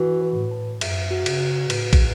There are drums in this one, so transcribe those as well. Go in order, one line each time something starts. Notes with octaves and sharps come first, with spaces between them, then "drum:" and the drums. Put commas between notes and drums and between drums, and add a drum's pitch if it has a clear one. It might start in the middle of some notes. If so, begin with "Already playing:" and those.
Already playing: E3 F#4
B4
A2
A5
F#2 E5, drum: cymbal
F#4
C#3, drum: cymbal
F#4
A2 B4, drum: cymbal
drum: kick, cymbal